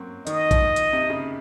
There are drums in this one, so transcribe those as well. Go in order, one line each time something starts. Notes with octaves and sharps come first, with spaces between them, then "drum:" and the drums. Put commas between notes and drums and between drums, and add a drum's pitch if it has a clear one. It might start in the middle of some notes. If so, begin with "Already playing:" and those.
Already playing: F#3 A#3 C4 C#4
D#3 D#5, drum: hi-hat
F3, drum: kick, hi-hat
drum: hi-hat
C3
C#3